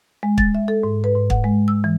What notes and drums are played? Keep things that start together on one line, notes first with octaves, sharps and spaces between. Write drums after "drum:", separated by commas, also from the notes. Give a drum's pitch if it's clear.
G#3
A6, drum: kick
E5
A4
G#2
B4
G#2
F#5, drum: kick
G#3
E6
E3